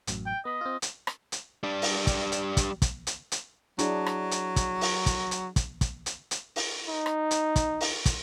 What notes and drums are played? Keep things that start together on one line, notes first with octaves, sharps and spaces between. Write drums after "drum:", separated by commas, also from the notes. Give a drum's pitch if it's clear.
A1 F#2, drum: hi-hat
G5
B3 D#5 B5
C4 F4
drum: hi-hat
drum: rim click
drum: hi-hat
G3 D4
drum: open hi-hat
drum: kick, hi-hat
drum: hi-hat
drum: kick, hi-hat
drum: kick, hi-hat
drum: hi-hat
drum: hi-hat
F#3 D4 E4 G#4, drum: hi-hat
drum: rim click
drum: hi-hat
drum: kick, hi-hat
drum: open hi-hat
drum: kick, hi-hat
drum: hi-hat
drum: kick, hi-hat
drum: kick, hi-hat
drum: hi-hat
drum: hi-hat
drum: open hi-hat
D#4
drum: rim click
drum: hi-hat
drum: kick, hi-hat
drum: open hi-hat
drum: kick, hi-hat